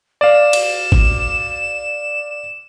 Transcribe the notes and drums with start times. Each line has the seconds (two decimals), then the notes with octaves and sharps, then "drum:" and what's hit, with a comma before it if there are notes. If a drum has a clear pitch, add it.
0.21 D5 F5 E7
0.53 drum: cymbal
0.92 drum: kick G#1